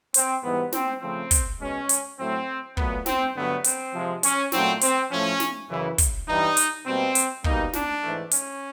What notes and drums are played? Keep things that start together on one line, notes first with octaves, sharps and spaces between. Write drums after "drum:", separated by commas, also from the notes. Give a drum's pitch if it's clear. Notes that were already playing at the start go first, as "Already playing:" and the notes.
C4, drum: hi-hat
G#2 E3 G3 B3
C4, drum: snare
C#3 F3 A3 C4
drum: kick, hi-hat
B2 G#3 C#4
drum: hi-hat
A2 F#3 A3 C4
A#2 F#3 A3 B3, drum: kick
C4, drum: snare
G2 D3 F#3 A3 B3
C4, drum: hi-hat
C3 F3 G#3
C#4, drum: hi-hat
A#2 F#3 A3 C4, drum: snare
C4, drum: hi-hat
A2 F3 A3 C#4
drum: snare
F#2 C#3 E3
drum: kick, hi-hat
G2 E3 G3 D#4
drum: hi-hat
B2 G3 A#3 C4
drum: hi-hat
B2 G3 A#3 D#4, drum: kick
D4, drum: snare
G#2 E3 A3
C#4, drum: hi-hat